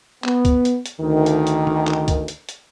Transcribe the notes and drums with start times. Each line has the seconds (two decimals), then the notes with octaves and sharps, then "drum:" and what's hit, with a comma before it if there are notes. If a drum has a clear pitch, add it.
0.24 B3, drum: clap
0.45 drum: kick C#2, hi-hat
0.65 drum: hi-hat
0.86 drum: hi-hat
1.01 D2 D#3
1.26 drum: hi-hat
1.47 drum: hi-hat
1.67 drum: tom D3
1.87 drum: clap
2.08 drum: kick C#2, hi-hat
2.28 drum: hi-hat
2.49 drum: hi-hat